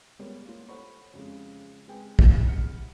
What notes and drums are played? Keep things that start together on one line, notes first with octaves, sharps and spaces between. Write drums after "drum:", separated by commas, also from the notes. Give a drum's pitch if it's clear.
G3 G#3 B3 A#4 C#5
A#3 F4
A4 C5 C#5 F#5 B5 C#6
F2 C#3 G#3
G#3 C4 B4 G5 G#5
drum: kick
C3 E4 F#5 F6 C#7